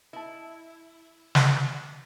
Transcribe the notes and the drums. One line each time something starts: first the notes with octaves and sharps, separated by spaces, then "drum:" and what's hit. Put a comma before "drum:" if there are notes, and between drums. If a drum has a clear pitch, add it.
E4 D#5 E5 A5
drum: snare